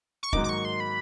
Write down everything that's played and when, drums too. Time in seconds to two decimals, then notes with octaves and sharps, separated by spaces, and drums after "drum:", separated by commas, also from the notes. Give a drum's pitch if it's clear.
0.23 C#6
0.33 G#2 D#3 F#3 A#3 D#4 D6, drum: kick
0.44 D6
0.49 C#6
0.65 C6
0.80 B5